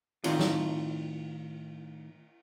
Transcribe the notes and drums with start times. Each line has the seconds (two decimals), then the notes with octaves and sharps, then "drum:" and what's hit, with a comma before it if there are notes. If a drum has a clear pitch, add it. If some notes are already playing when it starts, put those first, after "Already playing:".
0.24 A2 D#3 C4 F4, drum: cymbal
0.39 drum: snare